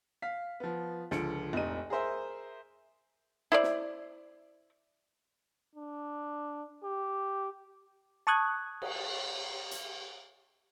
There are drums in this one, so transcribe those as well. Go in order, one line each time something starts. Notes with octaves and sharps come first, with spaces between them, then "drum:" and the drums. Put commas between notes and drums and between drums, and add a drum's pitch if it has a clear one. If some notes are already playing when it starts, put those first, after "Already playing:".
F5 B6
F3 B3
C#2 D3 F3 C#7 D7, drum: snare
F1 A#1 C3 D#4 D#7
G#4 A#4 C5 E5
E4 C5 D5
drum: snare
D4
G4
A5 C#6 D#6 F#6 G#6
drum: cymbal
drum: hi-hat